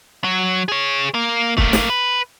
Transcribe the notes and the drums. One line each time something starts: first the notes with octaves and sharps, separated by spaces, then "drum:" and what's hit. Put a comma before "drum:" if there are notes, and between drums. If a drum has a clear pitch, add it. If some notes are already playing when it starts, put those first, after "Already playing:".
F#3
G#4 C#5
A#3
A3 A#3, drum: kick
drum: snare
B4